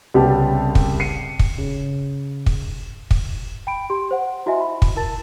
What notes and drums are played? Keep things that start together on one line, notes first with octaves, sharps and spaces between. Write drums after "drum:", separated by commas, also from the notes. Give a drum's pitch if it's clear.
C2 C#3 G3 B3 G4 A5
drum: kick
C7 C#7 D#7
drum: kick
C#3
drum: kick
drum: kick
G5 B5 D7
G4 C6
C5 F#5
E4 F#4 D#5 E5 G#5 C6
B5
drum: kick
E4 A#4 A5 A6